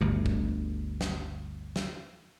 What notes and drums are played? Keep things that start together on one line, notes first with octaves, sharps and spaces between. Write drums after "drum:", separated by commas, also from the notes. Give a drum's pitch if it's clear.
G1 D2 G2
drum: kick
drum: snare
drum: snare